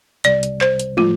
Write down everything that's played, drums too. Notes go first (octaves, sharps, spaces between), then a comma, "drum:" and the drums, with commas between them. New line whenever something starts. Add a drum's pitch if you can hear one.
C2 C3 G3 D5, drum: hi-hat
drum: hi-hat
C5, drum: clap
drum: hi-hat
A2 F3 A3 F4, drum: tom